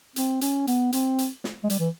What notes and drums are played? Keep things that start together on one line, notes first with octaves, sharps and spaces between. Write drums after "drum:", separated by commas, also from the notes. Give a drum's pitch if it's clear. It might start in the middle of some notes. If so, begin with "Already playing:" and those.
C4, drum: hi-hat
C#4, drum: hi-hat
B3, drum: hi-hat
C4, drum: hi-hat
drum: hi-hat
drum: snare
G#3
G3, drum: hi-hat
E3